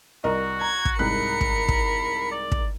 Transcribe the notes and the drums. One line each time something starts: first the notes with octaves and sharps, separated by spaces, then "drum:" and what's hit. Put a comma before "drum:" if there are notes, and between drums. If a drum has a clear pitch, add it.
C2 F#4 A#4 D#5
A#5 G#6
drum: kick
C2 G#2 A#4 B5 F#6 C#7
drum: kick
drum: kick
D5
drum: kick